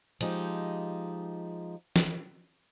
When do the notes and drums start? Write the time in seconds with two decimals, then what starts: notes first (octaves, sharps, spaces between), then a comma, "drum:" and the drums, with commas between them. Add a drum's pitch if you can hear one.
0.21 F3 G#3 D#4 G4, drum: hi-hat
1.96 drum: snare